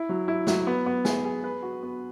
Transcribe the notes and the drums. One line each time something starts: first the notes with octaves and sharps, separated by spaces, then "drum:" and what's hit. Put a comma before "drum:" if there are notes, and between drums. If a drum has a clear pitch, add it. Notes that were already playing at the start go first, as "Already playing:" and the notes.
Already playing: E4
F#3
E4
F#3, drum: snare
B3
B3
G#4, drum: snare
G#4
B4
F#4
B3